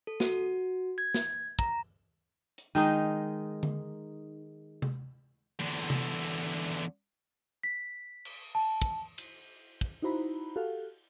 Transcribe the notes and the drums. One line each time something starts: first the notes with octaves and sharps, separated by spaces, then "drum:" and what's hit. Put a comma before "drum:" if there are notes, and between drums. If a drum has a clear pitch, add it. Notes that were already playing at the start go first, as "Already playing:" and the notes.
A4
F#4, drum: snare
G#6
drum: snare
A#5, drum: kick
drum: hi-hat
D#3 G#3 D#4
drum: tom D3
drum: tom C3
E2 D3
drum: tom C3
B6
drum: cymbal
A5
drum: kick
drum: cymbal
drum: kick
D#4 E4 F#4 C5 A#5 B5
F#4 G4 A4 F5